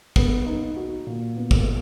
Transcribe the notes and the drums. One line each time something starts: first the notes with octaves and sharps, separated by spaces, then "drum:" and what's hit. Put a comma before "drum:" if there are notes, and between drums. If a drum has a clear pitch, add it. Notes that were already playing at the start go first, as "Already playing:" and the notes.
B3, drum: kick
D#4
F#4
A#2
B3
drum: kick